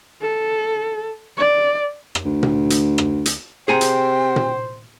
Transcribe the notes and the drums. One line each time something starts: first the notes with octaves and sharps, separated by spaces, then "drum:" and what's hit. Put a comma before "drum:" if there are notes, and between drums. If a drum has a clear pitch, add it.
A4
D5
drum: rim click
D2
drum: tom A#2
drum: hi-hat
drum: rim click
drum: hi-hat
C3 G#4 C5 G5 G#5 A#5
drum: hi-hat
drum: tom A#2